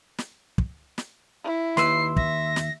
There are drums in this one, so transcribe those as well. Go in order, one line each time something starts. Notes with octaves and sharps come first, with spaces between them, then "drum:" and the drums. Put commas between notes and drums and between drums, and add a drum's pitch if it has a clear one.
drum: snare
drum: kick
drum: snare
E4
D#2 B4 C6 E6 C7, drum: snare
E5 A#6, drum: kick
drum: snare